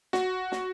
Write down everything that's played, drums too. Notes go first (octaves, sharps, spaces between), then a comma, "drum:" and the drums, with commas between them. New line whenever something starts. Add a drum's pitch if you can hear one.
F#4, drum: snare
drum: snare